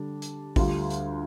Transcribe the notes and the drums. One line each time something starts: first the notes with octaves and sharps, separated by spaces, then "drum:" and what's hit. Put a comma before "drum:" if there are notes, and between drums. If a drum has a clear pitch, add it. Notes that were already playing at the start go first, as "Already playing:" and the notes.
Already playing: D3 G3 D4
drum: hi-hat
D2 D3 G3 F4, drum: kick A1, open hi-hat
drum: hi-hat